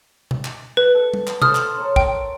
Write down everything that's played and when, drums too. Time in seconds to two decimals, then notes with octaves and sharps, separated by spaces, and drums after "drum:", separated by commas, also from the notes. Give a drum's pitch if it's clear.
0.31 drum: tom B2
0.45 drum: clap
0.77 B4
0.95 A4
1.14 drum: tom
1.27 drum: clap
1.42 A4 C5 D#6 F6, drum: tom B2
1.55 drum: clap
1.77 A#4 C#5
1.96 G5, drum: kick